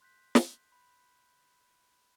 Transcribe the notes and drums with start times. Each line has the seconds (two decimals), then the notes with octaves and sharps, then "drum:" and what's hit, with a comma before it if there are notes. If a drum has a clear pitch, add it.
0.01 C6 F#6 G6 B6
0.35 drum: snare
0.72 B5